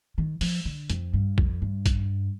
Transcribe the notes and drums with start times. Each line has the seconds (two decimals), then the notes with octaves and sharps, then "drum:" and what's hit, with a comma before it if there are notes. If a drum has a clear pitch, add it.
0.18 D#3
0.41 F3, drum: open hi-hat
0.65 D3
0.90 F2, drum: hi-hat
1.14 G2
1.38 F2, drum: kick A#1
1.62 G2
1.86 drum: kick A#1, hi-hat